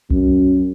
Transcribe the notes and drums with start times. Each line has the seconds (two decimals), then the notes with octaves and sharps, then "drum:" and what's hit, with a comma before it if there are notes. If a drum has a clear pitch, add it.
0.11 F#2, drum: kick B1